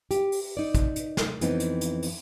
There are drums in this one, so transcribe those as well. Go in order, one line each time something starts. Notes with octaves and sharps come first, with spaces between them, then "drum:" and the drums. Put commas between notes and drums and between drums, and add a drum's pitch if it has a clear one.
G4, drum: hi-hat
drum: open hi-hat
D#4 D5
drum: kick, hi-hat
drum: hi-hat
drum: snare
F2 E3 B3 C4 D#4, drum: hi-hat
drum: hi-hat
drum: hi-hat
drum: open hi-hat